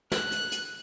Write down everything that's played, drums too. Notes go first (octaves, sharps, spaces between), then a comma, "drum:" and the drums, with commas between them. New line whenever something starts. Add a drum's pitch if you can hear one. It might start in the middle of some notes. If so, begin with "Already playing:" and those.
F#6, drum: snare
drum: hi-hat
drum: hi-hat